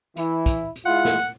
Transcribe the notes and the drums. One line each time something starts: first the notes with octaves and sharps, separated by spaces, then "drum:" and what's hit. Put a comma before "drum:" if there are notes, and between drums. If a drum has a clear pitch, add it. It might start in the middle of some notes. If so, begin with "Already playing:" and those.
E3 E4, drum: hi-hat
drum: kick, hi-hat
drum: hi-hat
G#3 E4 F4 F#5
drum: snare